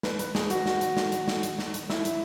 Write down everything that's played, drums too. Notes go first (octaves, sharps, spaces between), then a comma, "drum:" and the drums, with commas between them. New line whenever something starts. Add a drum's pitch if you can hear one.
B4, drum: snare
B4, drum: hi-hat
G#4, drum: snare
F#4, drum: hi-hat
drum: snare
drum: hi-hat
drum: snare
drum: hi-hat
drum: snare
drum: hi-hat
drum: snare
drum: hi-hat
E4, drum: snare
drum: hi-hat